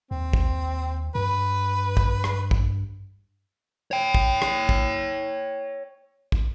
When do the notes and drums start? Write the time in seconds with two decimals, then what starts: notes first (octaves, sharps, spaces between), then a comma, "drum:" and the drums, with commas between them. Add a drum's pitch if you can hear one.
0.11 D#2 C4
0.33 drum: kick
1.15 G2 B4
1.97 drum: kick
2.24 drum: rim click
2.51 drum: kick
3.91 C#5 G5
4.15 drum: kick
4.42 drum: rim click
4.69 drum: kick
6.32 drum: kick